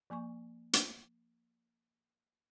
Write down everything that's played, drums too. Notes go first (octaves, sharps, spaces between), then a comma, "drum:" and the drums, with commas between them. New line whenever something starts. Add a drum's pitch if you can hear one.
F3 A#3 G#5 C#6
drum: hi-hat